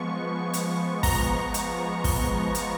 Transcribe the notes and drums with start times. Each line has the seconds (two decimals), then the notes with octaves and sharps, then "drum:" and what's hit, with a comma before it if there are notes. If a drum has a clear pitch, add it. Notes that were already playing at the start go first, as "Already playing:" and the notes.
Already playing: F3 G#3 B3 C#6
0.53 drum: hi-hat
1.03 A#5, drum: kick, open hi-hat
1.54 drum: hi-hat
2.04 drum: kick, open hi-hat
2.55 drum: hi-hat